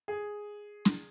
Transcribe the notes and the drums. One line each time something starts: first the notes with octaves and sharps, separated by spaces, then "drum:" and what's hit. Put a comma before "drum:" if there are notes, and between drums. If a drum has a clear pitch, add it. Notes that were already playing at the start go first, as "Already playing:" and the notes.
G#4
drum: snare